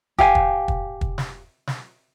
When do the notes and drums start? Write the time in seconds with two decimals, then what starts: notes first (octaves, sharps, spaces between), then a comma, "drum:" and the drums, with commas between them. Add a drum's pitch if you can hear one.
0.19 G4 F5 G#5, drum: kick
0.35 drum: kick
0.68 drum: kick
1.01 drum: kick
1.18 drum: snare
1.67 drum: snare